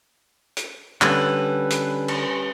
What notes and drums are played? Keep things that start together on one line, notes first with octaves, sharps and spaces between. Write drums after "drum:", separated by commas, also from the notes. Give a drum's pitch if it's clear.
drum: hi-hat
D3 G3 C#4 B4, drum: clap
drum: hi-hat
drum: cymbal